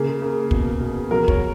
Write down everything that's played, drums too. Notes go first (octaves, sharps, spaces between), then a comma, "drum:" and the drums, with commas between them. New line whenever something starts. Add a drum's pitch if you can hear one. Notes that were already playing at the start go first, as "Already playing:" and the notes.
Already playing: C#3 A#3 G#4
A#3
B2, drum: kick
B2
F#3 A#4
C#5, drum: kick